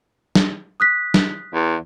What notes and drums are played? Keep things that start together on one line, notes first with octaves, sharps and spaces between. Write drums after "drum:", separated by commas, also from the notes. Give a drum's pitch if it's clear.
drum: snare
D#6 F#6 B6
drum: snare
E2